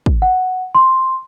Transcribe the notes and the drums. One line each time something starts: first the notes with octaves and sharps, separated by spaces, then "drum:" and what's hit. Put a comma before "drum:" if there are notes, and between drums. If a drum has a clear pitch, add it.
drum: kick
F#5
C6